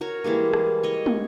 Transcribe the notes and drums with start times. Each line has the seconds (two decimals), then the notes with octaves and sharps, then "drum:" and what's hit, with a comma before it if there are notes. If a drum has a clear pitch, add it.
0.01 F#4 A#4 C#5
0.24 E3 G3 G#3 A#3
0.53 drum: rim click
0.83 C#5 D#5
1.06 drum: tom